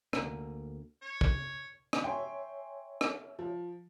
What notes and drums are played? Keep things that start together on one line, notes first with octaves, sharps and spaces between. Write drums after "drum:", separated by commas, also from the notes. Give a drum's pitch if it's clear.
D2 A#3, drum: rim click
C#5
drum: kick
drum: rim click
C#5 E5 G5 G#5 C6
drum: rim click
F3